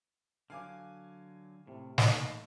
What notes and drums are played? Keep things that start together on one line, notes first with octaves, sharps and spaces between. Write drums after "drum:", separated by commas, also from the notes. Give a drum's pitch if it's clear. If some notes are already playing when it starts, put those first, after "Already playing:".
D3 F#3 F5 G#5 D6
A2 C3
A3 D#4, drum: snare